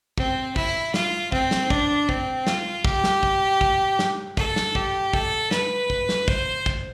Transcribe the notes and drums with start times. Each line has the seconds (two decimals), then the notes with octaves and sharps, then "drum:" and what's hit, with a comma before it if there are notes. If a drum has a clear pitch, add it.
0.18 C4, drum: kick
0.56 E4, drum: kick
0.94 F4, drum: snare
1.32 C4, drum: kick
1.51 drum: snare
1.70 D4, drum: kick
2.09 C4, drum: kick
2.47 F4, drum: snare
2.85 G4, drum: kick
3.04 drum: snare
3.23 drum: kick
3.61 drum: kick
3.99 drum: snare
4.37 A4, drum: kick
4.56 drum: snare
4.75 G4, drum: kick
5.13 A4, drum: kick
5.51 B4, drum: snare
5.90 drum: kick
6.09 drum: snare
6.28 C5, drum: kick
6.66 drum: kick